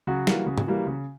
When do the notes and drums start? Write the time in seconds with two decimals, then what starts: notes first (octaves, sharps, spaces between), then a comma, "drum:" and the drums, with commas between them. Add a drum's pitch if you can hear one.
0.07 C#3 F#3 F#4
0.27 E3 G3 A#3, drum: snare
0.46 C#3
0.58 drum: tom G#2
0.67 E3 G3 A#3
0.87 C#3